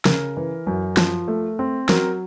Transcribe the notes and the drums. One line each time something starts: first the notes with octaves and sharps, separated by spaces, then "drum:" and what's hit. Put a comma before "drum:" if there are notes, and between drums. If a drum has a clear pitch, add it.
C#3 A#4, drum: snare
E3
F#2
F3, drum: snare
A3
C4
F#3 A#4, drum: snare